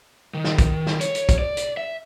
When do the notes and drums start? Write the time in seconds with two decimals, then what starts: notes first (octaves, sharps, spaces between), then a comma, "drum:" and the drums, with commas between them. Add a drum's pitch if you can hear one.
0.34 D#3
0.44 drum: snare
0.59 drum: kick, hi-hat
0.87 drum: snare
1.01 C#5, drum: hi-hat
1.15 drum: hi-hat
1.29 drum: kick, hi-hat
1.39 D5
1.57 drum: hi-hat
1.77 E5